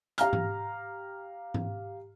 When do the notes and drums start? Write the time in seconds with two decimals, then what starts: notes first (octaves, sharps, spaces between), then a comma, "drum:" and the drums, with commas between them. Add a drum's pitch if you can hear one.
0.18 G4 F5 A#5 F6, drum: hi-hat
0.33 drum: tom G#2
1.54 drum: tom G#2